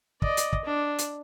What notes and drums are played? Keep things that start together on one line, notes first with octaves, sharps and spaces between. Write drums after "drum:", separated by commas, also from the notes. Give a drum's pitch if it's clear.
D5 D#5, drum: kick
drum: hi-hat
drum: kick
D4
drum: hi-hat